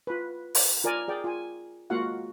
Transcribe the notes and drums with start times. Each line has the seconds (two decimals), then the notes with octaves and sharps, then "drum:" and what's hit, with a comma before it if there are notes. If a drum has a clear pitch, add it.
0.07 F4 B4
0.55 drum: open hi-hat
0.84 F4 A#4 D5 G#5
1.08 G#4 D5 G5
1.24 F4 G#5
1.90 G#3 A#3 F4 F#4 F5 F#5